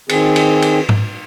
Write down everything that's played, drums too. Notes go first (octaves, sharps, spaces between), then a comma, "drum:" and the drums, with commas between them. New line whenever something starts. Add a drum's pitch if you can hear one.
D#3 C4 G#4, drum: cymbal
drum: cymbal
drum: cymbal
drum: tom